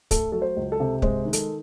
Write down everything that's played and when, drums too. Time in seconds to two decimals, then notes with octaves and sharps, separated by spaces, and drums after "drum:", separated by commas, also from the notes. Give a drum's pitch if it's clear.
0.11 A3 A4, drum: kick, hi-hat
0.32 F#3 A4
0.42 C5
0.57 C#2
0.72 A4
0.80 C3
1.02 G#3 C5, drum: kick
1.25 D#3
1.33 A4, drum: hi-hat